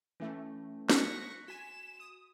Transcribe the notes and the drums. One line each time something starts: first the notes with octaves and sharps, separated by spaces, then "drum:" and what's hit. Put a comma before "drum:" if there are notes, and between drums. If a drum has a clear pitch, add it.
E3 A3 C#4
C#6 F#6 A#6 B6, drum: snare
F#4 G#5 B6 E7
D#6